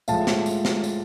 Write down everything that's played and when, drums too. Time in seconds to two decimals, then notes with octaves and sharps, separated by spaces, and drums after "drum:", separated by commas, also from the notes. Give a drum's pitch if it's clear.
0.08 A2 F3 G#3 F5 A5, drum: tambourine
0.27 drum: snare
0.46 drum: tambourine
0.65 drum: snare
0.84 drum: tambourine